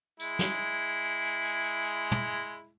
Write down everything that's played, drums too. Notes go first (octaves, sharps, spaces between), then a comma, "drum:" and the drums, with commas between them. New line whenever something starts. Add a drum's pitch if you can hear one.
G#3 E4, drum: tambourine
drum: snare
drum: tom